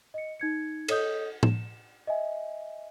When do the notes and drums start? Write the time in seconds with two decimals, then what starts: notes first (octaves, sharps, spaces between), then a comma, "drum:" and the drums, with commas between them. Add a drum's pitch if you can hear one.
0.14 D#5 C#7
0.40 D#4 G#6 C#7
0.88 A4 C#5 D#5 D#6 G6, drum: cymbal
1.43 E7, drum: tom A2
2.07 D#5 E5 G#5